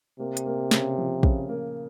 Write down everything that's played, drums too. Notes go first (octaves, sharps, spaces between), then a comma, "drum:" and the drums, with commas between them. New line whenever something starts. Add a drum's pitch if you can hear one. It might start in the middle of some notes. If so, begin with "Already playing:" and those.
C3 A#3
drum: hi-hat
A#3
C#3, drum: snare
F3
C#3, drum: kick
A#3